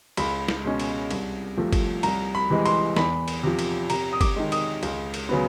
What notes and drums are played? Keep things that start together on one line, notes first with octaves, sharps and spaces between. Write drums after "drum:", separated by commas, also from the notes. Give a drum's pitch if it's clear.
C#2 B5, drum: cymbal
drum: snare
B2 G#3 C#4
drum: cymbal
C2, drum: cymbal
C3 F3 A3
drum: kick, cymbal
C2 A#5, drum: cymbal
B5
C3 E3 G#3
C6, drum: cymbal
E2 B5, drum: snare
drum: cymbal
C3 F3
drum: cymbal
C3 A#5, drum: cymbal
D#6
D6, drum: kick, cymbal
D#3 G#3
D#6, drum: cymbal
C#2, drum: cymbal
drum: cymbal
C#3 F#3 B3